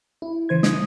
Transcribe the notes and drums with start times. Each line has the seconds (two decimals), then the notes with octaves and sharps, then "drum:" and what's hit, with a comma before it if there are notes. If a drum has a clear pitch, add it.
0.22 E4
0.49 C#3 E3 C5 G#6
0.63 D#6, drum: snare